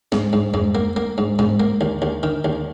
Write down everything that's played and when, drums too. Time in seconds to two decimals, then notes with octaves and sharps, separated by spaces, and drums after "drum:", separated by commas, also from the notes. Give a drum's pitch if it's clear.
0.12 G#2, drum: snare
0.33 G#2
0.54 G#2, drum: tom F2
0.75 A#3
0.96 A#3
1.18 G#2
1.39 G#2, drum: tom G#2
1.60 A#3
1.81 D#2
2.02 D#2
2.23 D#3
2.45 D#2